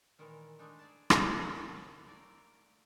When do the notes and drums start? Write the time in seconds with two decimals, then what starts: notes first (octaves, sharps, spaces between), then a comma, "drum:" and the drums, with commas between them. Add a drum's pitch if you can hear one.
0.18 A#2 D#3 E3 G#3 A#4
0.59 G#3 A3 D4 D#4
0.79 G#4 D5 A5
1.10 drum: rim click
1.21 A#3 C#4 A4
2.06 A3 A#3 A#4 D5